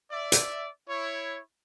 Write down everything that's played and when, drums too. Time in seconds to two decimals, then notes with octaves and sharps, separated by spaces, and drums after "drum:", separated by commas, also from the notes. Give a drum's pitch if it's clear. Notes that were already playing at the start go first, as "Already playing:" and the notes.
0.10 D5 E5
0.32 drum: hi-hat
0.88 E4 C#5